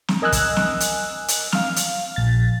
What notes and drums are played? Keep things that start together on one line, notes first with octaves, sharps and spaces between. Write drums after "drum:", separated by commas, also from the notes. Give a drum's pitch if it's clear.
drum: snare
A#4 D#5 G#5 E6 F#6
drum: kick, hi-hat
drum: snare
drum: hi-hat
drum: hi-hat
F5 F6, drum: snare
drum: hi-hat
A#1 A6